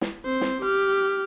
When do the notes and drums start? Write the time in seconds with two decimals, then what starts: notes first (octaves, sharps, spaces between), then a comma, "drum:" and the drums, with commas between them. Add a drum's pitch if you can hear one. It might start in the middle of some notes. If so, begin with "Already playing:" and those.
0.01 drum: snare
0.25 C4 C5
0.41 drum: snare
0.61 G4 F6